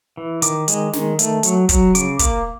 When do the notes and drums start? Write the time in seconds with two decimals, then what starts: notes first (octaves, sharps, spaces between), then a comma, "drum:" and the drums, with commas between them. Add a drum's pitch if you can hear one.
0.17 E3
0.42 D#3 D6, drum: hi-hat
0.68 G#3, drum: hi-hat
0.93 D#3, drum: snare
1.19 A3, drum: hi-hat
1.43 F#3, drum: hi-hat
1.69 F#3, drum: kick, hi-hat
1.95 C#3 D6, drum: hi-hat
2.19 A#3 D6, drum: kick, hi-hat